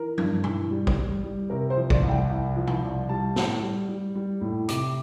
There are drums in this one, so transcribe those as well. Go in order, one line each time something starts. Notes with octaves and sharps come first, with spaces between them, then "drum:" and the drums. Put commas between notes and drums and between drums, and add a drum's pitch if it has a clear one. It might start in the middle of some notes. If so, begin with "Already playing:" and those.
Already playing: E3 A#4
G2, drum: tom F3
E3, drum: tom B2
G3
drum: kick G#1
G3
G3
C3 A#4
C5
F3
D5, drum: kick G#1
C2
G5
C2
F3
drum: tom B2
C2
G3 A5
A2, drum: snare
G3
G3
G3
A2
C3 D6, drum: hi-hat